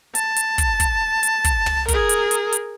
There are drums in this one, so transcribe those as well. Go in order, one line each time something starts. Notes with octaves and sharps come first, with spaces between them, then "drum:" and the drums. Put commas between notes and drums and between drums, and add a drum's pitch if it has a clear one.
A5, drum: hi-hat
drum: hi-hat
drum: kick, hi-hat
drum: kick, hi-hat
drum: hi-hat
drum: kick, hi-hat
drum: tom
G#4 A#4, drum: kick, hi-hat
drum: hi-hat
drum: hi-hat
drum: hi-hat